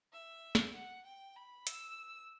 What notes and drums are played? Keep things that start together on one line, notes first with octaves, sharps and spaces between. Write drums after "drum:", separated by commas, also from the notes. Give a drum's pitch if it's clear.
E5
drum: snare
F#5
G5
B5
E6, drum: hi-hat